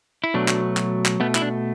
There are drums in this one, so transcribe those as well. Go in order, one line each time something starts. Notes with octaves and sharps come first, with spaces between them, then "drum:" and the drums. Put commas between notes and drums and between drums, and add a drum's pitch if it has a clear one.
E4
B2 F#3 A3 D4
drum: clap
drum: clap
drum: clap
B2 A3 B3
E4, drum: clap
D4